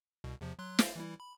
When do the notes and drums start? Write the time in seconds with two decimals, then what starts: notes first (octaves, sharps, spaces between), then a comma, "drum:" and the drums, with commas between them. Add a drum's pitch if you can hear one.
0.24 C2 B2
0.41 E2 C3 F3
0.59 F#3 C6 F#6
0.79 C5 F5, drum: snare
0.96 E3 G3 E4
1.20 B5